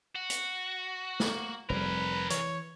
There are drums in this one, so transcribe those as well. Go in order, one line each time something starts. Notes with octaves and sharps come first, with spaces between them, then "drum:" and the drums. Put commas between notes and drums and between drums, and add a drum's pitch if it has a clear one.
F#4
drum: hi-hat
A#3, drum: snare
F1 F2 G3 G#4 A#4 B4
E3 C#5, drum: hi-hat